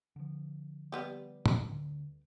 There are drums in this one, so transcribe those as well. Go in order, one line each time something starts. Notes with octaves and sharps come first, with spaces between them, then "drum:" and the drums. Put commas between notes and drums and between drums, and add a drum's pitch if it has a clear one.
D3 F3
G3 B3 G4
drum: tom
D2 D3